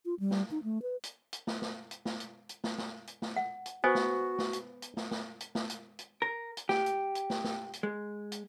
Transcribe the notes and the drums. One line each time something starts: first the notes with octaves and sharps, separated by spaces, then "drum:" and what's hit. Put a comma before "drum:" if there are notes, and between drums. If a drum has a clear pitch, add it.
F4
G3
drum: snare
D#4
A3
B4
drum: hi-hat
drum: hi-hat
drum: snare
drum: snare
drum: hi-hat
drum: snare
drum: hi-hat
drum: hi-hat
drum: snare
drum: snare
drum: hi-hat
drum: snare
F#5
drum: hi-hat
B3 F#4 C5 G#5
drum: snare
drum: snare
drum: hi-hat
drum: hi-hat
drum: snare
drum: snare
drum: hi-hat
drum: snare
drum: hi-hat
drum: hi-hat
A#4
drum: hi-hat
G4, drum: snare
drum: hi-hat
drum: hi-hat
drum: snare
drum: snare
drum: hi-hat
G#3
drum: hi-hat